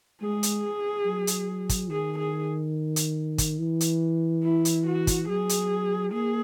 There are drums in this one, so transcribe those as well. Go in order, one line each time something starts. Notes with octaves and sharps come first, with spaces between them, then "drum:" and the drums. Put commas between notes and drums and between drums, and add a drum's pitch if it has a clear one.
G#3 G#4
drum: hi-hat
F#3
drum: hi-hat
drum: kick, hi-hat
D#3 G#4
G#4
drum: hi-hat
drum: kick, hi-hat
E3
drum: hi-hat
E4
drum: hi-hat
F#4
drum: kick, hi-hat
F#3 G#4
drum: hi-hat
A#3 G#4